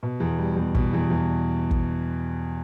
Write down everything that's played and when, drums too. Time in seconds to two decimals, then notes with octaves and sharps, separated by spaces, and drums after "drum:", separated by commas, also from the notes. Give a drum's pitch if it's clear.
0.03 B2
0.20 E2
0.39 G3
0.56 E2
0.75 B2, drum: kick
0.93 E2
1.10 E2
1.71 drum: kick